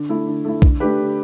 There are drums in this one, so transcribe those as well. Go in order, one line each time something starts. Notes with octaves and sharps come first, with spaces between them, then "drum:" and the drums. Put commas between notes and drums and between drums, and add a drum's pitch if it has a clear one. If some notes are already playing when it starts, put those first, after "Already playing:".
Already playing: D3
A3 E4
D3
A3 E4
D3, drum: kick
A3 D4 G4 B4
D3